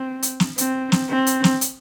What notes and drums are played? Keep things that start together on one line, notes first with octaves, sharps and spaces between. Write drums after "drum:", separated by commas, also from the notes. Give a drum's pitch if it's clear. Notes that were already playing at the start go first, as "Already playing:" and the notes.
Already playing: C4
drum: hi-hat
drum: snare
C4, drum: hi-hat
drum: snare
C4
drum: hi-hat
drum: snare
drum: hi-hat